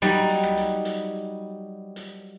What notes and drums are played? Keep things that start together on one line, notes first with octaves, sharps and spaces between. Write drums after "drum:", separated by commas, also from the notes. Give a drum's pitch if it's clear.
F#3 G3 D#4, drum: hi-hat
drum: hi-hat
drum: rim click
drum: hi-hat
drum: hi-hat
drum: hi-hat